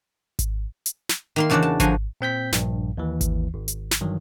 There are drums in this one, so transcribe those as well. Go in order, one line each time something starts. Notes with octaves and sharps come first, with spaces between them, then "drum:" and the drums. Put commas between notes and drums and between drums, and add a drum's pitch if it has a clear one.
drum: kick G#1, hi-hat
drum: hi-hat
drum: snare
D#3 A#3 C6
E2 C#3 D4 F#4 C5 D5
A5
D3 F3 F#4 G#5 A#5, drum: kick G#1, hi-hat
A#2 C4 G6 B6
A#1 G2, drum: snare
D#2 E3
drum: kick G#1, hi-hat
G#1
drum: hi-hat
drum: snare
G2 D#3 E3 F#3